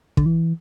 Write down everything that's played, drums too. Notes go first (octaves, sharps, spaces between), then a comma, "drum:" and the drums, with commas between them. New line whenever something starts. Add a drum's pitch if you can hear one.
D3, drum: kick
E3